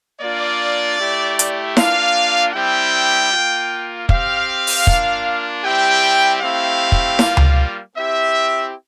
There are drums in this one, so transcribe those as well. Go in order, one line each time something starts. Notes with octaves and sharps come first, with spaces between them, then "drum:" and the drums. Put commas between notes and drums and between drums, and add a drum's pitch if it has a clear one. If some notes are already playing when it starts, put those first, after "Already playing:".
A#3 D4 F4 D5
A3 E4 G4
drum: hi-hat
A#3 D4 F4 F5, drum: snare E4
G3 C4 E4 G4 G5
A#3 F4
C4 G4 F5, drum: kick
drum: open hi-hat
A#3 D4 F4, drum: kick
G3 C4 E4 G4 G5
A3 C4 E4 G4 F5
drum: kick
G3 A#3 F4, drum: snare E4
drum: tom C#2
C4 E4 G4 E5